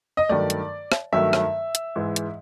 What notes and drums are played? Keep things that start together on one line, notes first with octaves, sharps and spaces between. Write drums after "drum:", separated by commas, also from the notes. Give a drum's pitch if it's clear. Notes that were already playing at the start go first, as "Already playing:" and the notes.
D#5
G2 D#3 F#3 A3 D5
drum: hi-hat
drum: rim click
G2 D#3 F#3 A3 E5
drum: rim click
drum: hi-hat
G#2 E3 G#3
drum: hi-hat